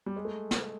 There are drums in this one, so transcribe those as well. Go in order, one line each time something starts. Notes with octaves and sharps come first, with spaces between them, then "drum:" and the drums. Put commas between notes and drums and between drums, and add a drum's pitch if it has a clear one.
G3
G#3
A3
drum: snare